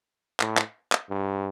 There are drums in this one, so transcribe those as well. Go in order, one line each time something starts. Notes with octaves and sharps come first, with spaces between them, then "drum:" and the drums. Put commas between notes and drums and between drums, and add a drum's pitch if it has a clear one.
A2, drum: clap
drum: clap
drum: clap
G2